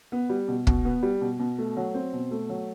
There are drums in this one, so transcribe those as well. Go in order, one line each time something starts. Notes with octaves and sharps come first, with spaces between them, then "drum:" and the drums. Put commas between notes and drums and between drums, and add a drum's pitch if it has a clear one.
B3
G3
B2
B2, drum: kick
B3
G3
B2
B2
A3
F#3
C4
B2
A3
F#3